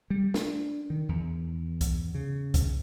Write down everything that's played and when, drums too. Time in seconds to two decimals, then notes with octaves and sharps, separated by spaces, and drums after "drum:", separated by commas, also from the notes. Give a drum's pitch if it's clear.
0.10 G3
0.34 D4, drum: snare
0.90 D#3
1.09 E2
1.81 drum: kick C2, hi-hat
2.15 C#3
2.54 drum: kick C2, hi-hat